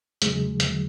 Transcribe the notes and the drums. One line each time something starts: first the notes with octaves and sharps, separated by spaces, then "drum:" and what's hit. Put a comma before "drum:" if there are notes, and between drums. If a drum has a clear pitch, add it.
E2 C#3 F#3 G#3, drum: hi-hat
E2 D3 F#3, drum: hi-hat